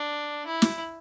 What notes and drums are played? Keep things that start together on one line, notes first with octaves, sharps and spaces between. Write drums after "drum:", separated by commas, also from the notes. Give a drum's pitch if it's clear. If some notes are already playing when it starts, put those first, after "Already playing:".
Already playing: D4
E4
drum: snare